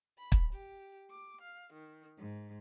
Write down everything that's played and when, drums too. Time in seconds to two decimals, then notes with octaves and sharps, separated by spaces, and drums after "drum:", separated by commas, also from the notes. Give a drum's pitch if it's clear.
0.17 B5
0.32 drum: kick
0.53 G4
1.09 D6
1.41 F5
1.73 D#3
2.16 G#2